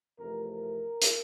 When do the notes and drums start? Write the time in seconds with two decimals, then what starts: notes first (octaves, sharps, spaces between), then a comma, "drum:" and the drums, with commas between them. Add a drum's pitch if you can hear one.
0.19 F2 C3 E3 A3 A#4
0.49 A#4
1.02 drum: hi-hat